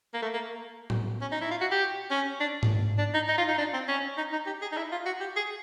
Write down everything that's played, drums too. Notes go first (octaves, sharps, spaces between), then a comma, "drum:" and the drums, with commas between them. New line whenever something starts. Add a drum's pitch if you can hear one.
A#3
A3
A#3
drum: tom A2
C#4
D#4
E4
F4
F#4
G4
C#4
D4
drum: tom G#2
D4
D#4
D#4
F4
D#4
D4
C4
C#4
D#4
D#4
G4
G#4
D#4
E4
F4
F#4
G4
G#4